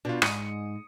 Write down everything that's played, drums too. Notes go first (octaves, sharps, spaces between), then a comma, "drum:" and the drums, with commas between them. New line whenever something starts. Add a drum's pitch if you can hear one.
B2 D4 F4
G#2 D#6 C#7 D#7, drum: rim click